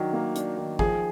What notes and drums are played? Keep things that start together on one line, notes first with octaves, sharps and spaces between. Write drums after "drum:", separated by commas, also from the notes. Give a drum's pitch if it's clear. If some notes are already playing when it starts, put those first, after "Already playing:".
Already playing: D#3 F#3 D4
A#3
D4, drum: hi-hat
D#3
F3 G#4, drum: kick G#1